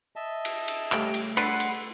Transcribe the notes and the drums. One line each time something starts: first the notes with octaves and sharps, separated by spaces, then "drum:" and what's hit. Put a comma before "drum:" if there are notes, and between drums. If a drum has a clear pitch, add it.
D#5 E5 A5
drum: cymbal
drum: cymbal
A2 C#3 G3 G4, drum: clap
drum: cymbal
D4 A4 B4 F#5 B5 C6, drum: cymbal
drum: cymbal